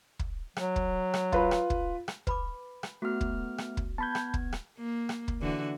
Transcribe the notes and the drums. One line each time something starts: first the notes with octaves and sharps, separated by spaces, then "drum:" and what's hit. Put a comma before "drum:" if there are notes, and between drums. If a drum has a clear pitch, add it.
drum: kick
F#3, drum: rim click
drum: kick
drum: rim click
F4 B4 B5, drum: kick
drum: rim click
drum: kick
drum: rim click
B4 B5 D6, drum: kick
drum: rim click
A3 B3 F#4 A4 F#5 F6
drum: kick
drum: rim click
drum: kick
B3 A5 B5 G6 G#6
drum: rim click
drum: kick
drum: rim click
A#3
drum: rim click
drum: kick
D3 E3 F#4